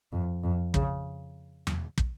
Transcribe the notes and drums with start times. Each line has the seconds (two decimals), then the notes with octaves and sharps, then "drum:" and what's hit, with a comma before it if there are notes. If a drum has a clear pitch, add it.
0.13 F2
0.43 F2
0.74 C#3, drum: kick
1.67 drum: tom E2
1.98 drum: kick